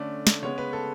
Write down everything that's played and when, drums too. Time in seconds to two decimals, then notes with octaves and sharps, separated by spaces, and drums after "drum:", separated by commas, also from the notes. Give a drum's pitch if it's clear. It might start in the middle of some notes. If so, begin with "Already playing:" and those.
Already playing: D3 A3 C#4 D5
0.27 drum: snare
0.42 C#3 G#3 B3 C#5
0.58 B4
0.73 A4